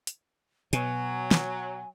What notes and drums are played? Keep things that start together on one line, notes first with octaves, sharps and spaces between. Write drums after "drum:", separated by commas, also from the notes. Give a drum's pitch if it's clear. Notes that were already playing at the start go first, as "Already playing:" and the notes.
drum: hi-hat
B2 F#3 G#5, drum: hi-hat
drum: snare